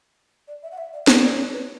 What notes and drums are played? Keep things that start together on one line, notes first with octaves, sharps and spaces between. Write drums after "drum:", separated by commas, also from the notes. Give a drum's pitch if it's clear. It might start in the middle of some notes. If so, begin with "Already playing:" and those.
D5
E5
F#5
E5
D5
D5, drum: snare
D5
C#5
B4